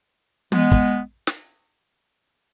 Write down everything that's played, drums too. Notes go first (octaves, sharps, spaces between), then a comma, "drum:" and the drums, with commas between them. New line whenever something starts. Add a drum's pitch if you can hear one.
G#3 B3, drum: tom
drum: kick
drum: snare